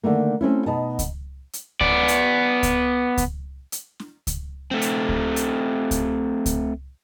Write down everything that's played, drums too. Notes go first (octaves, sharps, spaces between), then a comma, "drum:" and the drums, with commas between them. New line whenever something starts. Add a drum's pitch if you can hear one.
D3 D#3 A3 A#3
A3 C4 C#4 E4
B2 D#4 A5
drum: kick C#2, hi-hat
drum: hi-hat
B3 D5, drum: kick C#2
drum: hi-hat
drum: kick C#2, hi-hat
drum: kick C#2, hi-hat
drum: hi-hat
drum: snare
drum: kick C#2, hi-hat
A3 C4
drum: hi-hat
drum: kick C#2
drum: hi-hat
drum: kick C#2, hi-hat
drum: kick C#2, hi-hat